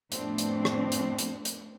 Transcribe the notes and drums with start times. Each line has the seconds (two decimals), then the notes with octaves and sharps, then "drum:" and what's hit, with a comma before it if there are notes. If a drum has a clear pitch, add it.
0.12 F2 A2 A3 B3 C4 D4, drum: hi-hat
0.38 drum: hi-hat
0.65 drum: rim click
0.92 drum: hi-hat
1.19 drum: hi-hat
1.45 drum: hi-hat